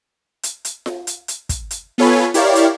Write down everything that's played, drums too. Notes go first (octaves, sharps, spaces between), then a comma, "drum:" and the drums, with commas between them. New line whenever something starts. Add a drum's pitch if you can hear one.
drum: hi-hat
drum: hi-hat
drum: snare F4
drum: hi-hat
drum: hi-hat
drum: kick, hi-hat
drum: hi-hat
B3 F4 A4 C#5 G#5 B5
E4 G4 A#4 C#5 D5 F5, drum: hi-hat
drum: hi-hat